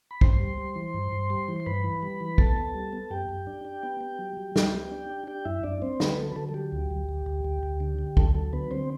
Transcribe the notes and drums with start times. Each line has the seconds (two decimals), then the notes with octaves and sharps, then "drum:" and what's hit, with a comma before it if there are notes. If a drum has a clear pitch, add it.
0.11 B5
0.21 G2 C5 C6, drum: kick
0.40 G3
0.58 G3
0.75 E3
0.94 G2
1.12 G2
1.30 G3
1.48 E3
1.60 C6
1.66 G2 B4 B5
1.84 E3
2.03 G3
2.20 E3
2.38 B3 A4 A5, drum: kick
2.56 B3
2.74 G3
2.93 B3
3.10 F#2 G4 G5
3.29 F#2
3.47 D4
3.65 D4
3.83 B3
4.01 B3
4.19 F#3
4.37 F#3
4.56 F#3, drum: snare
4.73 B3
4.91 D4
5.10 D4
5.27 D4 G4 G5
5.45 F#2 E4 E5
5.63 F#2 D4 D5
5.82 C4 D4 C5
6.00 D3 B3 B4, drum: snare
6.17 F#3 A4
6.30 B4
6.36 D3 A4
6.49 A4
6.54 F#3 G4
6.72 D2
6.91 D2
7.09 D2
7.26 D2
7.45 D2
7.63 D2
7.80 D3
7.99 D3
8.17 D2 A4, drum: kick
8.35 F#3 A4
8.53 D3 B3 B4
8.71 D3 C4 C5